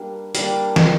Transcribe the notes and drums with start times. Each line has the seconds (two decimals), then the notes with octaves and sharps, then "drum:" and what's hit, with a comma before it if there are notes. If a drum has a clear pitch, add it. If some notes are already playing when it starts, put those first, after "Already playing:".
Already playing: G3 A#3 D4
0.35 G3 A#3 D4, drum: hi-hat
0.76 drum: snare